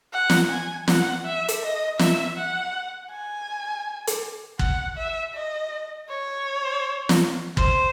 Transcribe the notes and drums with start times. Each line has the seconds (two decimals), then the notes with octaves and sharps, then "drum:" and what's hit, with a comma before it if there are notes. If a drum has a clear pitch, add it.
0.13 F#5
0.30 drum: snare
0.50 G#5
0.88 F#5, drum: snare
1.25 E5
1.48 drum: hi-hat
1.63 D#5
1.99 E5, drum: snare
2.37 F#5
3.10 G#5
4.07 drum: hi-hat
4.59 F#5, drum: kick
4.97 E5
5.34 D#5
6.08 C#5
7.09 drum: snare
7.57 C5, drum: kick